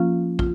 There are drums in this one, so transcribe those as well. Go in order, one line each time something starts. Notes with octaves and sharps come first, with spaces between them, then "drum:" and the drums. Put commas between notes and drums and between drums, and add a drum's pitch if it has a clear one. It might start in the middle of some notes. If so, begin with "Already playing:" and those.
Already playing: F3 A#3 C#4 F4 F5
F4, drum: kick